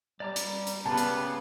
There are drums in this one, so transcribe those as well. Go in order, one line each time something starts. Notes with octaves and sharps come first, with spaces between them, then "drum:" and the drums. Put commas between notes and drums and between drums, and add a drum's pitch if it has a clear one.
G3 D5 A#5 D6
drum: hi-hat
drum: hi-hat
C#3 B3 F4 G4 A5
drum: hi-hat